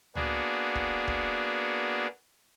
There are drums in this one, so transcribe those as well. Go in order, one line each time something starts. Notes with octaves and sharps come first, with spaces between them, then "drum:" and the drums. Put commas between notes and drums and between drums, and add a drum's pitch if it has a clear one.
A#3 B3 D4 F#4 G#4, drum: tom C#2
drum: kick
drum: kick